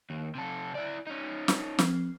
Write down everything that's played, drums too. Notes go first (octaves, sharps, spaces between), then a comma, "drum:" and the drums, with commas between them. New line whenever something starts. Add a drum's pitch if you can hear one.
D#2
C3 A4
E4 D5
C#4 D#4
drum: snare
F3 C4, drum: snare